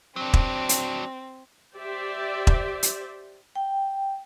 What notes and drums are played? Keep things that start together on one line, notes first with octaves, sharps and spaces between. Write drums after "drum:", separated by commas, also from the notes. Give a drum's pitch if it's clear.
F#3 C4 D4
drum: kick E1
drum: hi-hat
G4 C5 D5 E5
drum: kick E1
drum: hi-hat
G5